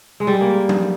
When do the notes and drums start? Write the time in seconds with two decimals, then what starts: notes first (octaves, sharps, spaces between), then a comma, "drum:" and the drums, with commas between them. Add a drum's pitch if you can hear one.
0.20 G#3
0.27 G3
0.41 A#3
0.69 drum: tom F#3